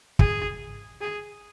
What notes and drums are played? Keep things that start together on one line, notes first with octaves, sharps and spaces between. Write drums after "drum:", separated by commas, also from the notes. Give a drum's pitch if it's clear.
G#4, drum: kick
G#4